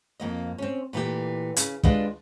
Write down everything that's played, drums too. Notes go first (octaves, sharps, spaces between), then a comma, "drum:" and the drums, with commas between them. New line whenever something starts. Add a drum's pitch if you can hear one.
F2 A#3 D#5
C4 C#4
A#2 E3 A3 G4
C#3, drum: hi-hat
G#3 D4 F4 G4 B4 D#5, drum: kick